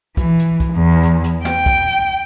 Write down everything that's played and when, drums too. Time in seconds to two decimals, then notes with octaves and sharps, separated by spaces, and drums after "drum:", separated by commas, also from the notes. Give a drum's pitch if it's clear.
0.17 E3, drum: kick, hi-hat
0.39 drum: hi-hat
0.60 drum: kick, hi-hat
0.73 E2
1.03 drum: hi-hat
1.24 drum: hi-hat
1.45 G5, drum: snare
1.66 drum: kick, hi-hat
1.87 drum: hi-hat